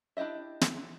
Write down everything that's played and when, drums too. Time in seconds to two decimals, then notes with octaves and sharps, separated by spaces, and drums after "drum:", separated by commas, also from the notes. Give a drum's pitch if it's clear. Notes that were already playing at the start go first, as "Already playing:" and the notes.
0.17 D4 E4 G4 D#5 E5
0.61 drum: snare